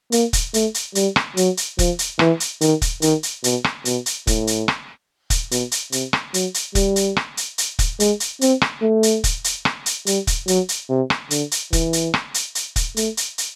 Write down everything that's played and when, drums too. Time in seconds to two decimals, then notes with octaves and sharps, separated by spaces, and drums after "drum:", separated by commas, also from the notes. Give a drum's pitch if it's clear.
0.12 A#3, drum: hi-hat
0.33 drum: kick, hi-hat
0.54 A3, drum: hi-hat
0.74 drum: hi-hat
0.95 G3, drum: hi-hat
1.16 drum: rim click
1.37 F#3, drum: hi-hat
1.57 drum: hi-hat
1.79 F3, drum: kick, hi-hat
1.99 drum: hi-hat
2.19 E3, drum: rim click
2.40 drum: hi-hat
2.61 D#3, drum: hi-hat
2.82 drum: kick, hi-hat
3.02 D#3, drum: hi-hat
3.23 drum: hi-hat
3.44 B2, drum: hi-hat
3.64 drum: rim click
3.85 B2, drum: hi-hat
4.06 drum: hi-hat
4.27 A2, drum: kick, hi-hat
4.47 drum: hi-hat
4.68 drum: rim click
5.30 drum: kick, hi-hat
5.51 B2, drum: hi-hat
5.72 drum: hi-hat
5.92 C3, drum: hi-hat
6.13 drum: rim click
6.34 F#3, drum: hi-hat
6.54 drum: hi-hat
6.75 G3, drum: kick, hi-hat
6.96 drum: hi-hat
7.17 drum: rim click
7.37 drum: hi-hat
7.58 drum: hi-hat
7.79 drum: kick, hi-hat
8.00 G#3, drum: hi-hat
8.20 drum: hi-hat
8.41 C4, drum: hi-hat
8.62 drum: rim click
8.82 A3
9.03 drum: hi-hat
9.24 drum: kick, hi-hat
9.44 drum: hi-hat
9.65 drum: rim click
9.86 drum: hi-hat
10.06 G3, drum: hi-hat
10.27 drum: kick, hi-hat
10.48 F#3, drum: hi-hat
10.69 drum: hi-hat
10.89 C3
11.10 drum: rim click
11.31 D3, drum: hi-hat
11.51 drum: hi-hat
11.73 E3, drum: kick, hi-hat
11.93 drum: hi-hat
12.14 drum: rim click
12.34 drum: hi-hat
12.55 drum: hi-hat
12.76 drum: kick, hi-hat
12.97 A3, drum: hi-hat
13.17 drum: hi-hat
13.38 drum: hi-hat